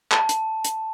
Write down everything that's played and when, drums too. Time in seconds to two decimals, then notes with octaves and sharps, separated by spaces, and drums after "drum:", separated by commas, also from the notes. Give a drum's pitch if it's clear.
0.11 A5, drum: clap
0.29 drum: hi-hat
0.65 drum: hi-hat